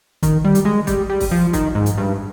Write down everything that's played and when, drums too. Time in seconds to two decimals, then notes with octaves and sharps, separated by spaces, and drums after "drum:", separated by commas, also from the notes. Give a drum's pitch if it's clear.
0.23 D#3, drum: kick, hi-hat
0.44 G3
0.55 drum: hi-hat
0.65 G#3
0.87 G3, drum: kick, hi-hat
1.09 G3
1.20 drum: kick, open hi-hat
1.31 F3
1.53 D#3, drum: kick, hi-hat
1.75 G#2
1.86 drum: hi-hat
1.97 G2